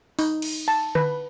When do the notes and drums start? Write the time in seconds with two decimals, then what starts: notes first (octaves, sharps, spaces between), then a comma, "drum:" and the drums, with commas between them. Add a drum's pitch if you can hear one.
0.19 D#4, drum: open hi-hat
0.42 drum: cymbal
0.68 A5
0.95 B4, drum: tom D3